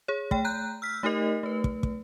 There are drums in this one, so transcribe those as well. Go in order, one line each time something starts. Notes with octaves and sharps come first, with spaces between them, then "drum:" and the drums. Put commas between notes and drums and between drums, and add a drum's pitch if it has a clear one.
G#4 C#5
A3 G5, drum: kick
A#5 F#6 G6
E6 F6 B6
A3 D#4 G4 A#4 D#5
A3 B4
drum: kick
drum: kick